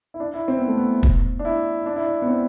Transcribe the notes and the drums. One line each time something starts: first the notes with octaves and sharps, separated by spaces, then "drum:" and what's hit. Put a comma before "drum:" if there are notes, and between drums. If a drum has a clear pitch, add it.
E4
D4
E4
C4
B3
A3
B3
drum: kick
D4
E4
D4
E4
D4
B3
C4